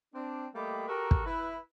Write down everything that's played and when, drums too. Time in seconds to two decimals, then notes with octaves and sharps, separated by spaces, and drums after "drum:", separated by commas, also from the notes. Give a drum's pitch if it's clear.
0.14 C4 D4
0.54 G3 A3 A#3 G4 D#5 B5
0.88 F#4 G4 A4 A#4
1.11 drum: kick
1.26 E4 B4